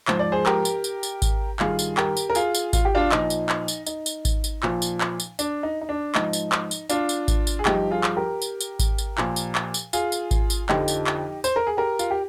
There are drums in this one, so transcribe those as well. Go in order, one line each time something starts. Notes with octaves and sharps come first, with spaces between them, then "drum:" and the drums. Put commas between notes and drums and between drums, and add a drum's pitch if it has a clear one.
G#2 F3 C5, drum: clap
D5
G#4 C5
G4 A#4, drum: clap
drum: tambourine
drum: tambourine
drum: tambourine
drum: kick G#1, tambourine
G2 D#3 F4 G#4, drum: clap
drum: tambourine
G4 A#4, drum: clap
drum: tambourine
A#4
F4 G#4, drum: tambourine
drum: tambourine
F4, drum: kick G#1, tambourine
G4
D4 F4
A#2 F3 D#4, drum: clap
drum: tambourine
drum: clap
drum: tambourine
D#4, drum: tambourine
drum: tambourine
drum: kick G#1, tambourine
drum: tambourine
A#2 F3, drum: clap
drum: tambourine
drum: clap
drum: tambourine
D4, drum: tambourine
D#4
D#4
D4
G#2 F3 D#4, drum: clap
drum: tambourine
drum: clap
drum: tambourine
D4 F4, drum: tambourine
drum: tambourine
drum: kick G#1, tambourine
drum: tambourine
G#4
G2 F3 D#4 G4, drum: clap
F4 G#4
drum: clap
G4 A#4
drum: tambourine
drum: tambourine
drum: kick G#1, tambourine
drum: tambourine
A#2 F3, drum: clap
drum: tambourine
drum: clap
drum: tambourine
F4 G#4, drum: tambourine
drum: tambourine
drum: kick G#1, tambourine
drum: tambourine
F2 D3 F3 D#4 G4, drum: clap
drum: tambourine
drum: clap
C5, drum: tambourine
A#4
G#4
G4 A#4
F4, drum: tambourine
G4